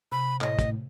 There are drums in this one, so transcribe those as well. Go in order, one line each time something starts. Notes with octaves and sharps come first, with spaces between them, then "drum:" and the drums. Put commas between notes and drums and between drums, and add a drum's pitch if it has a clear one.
C3 B5
A2 D#5, drum: clap
drum: kick, hi-hat